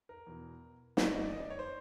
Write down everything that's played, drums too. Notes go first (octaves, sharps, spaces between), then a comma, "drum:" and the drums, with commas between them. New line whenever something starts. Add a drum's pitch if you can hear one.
A#4
E2 B2
F2 D3 D#5, drum: snare
D5
D#5
D5
D#5
D5
C#5
C5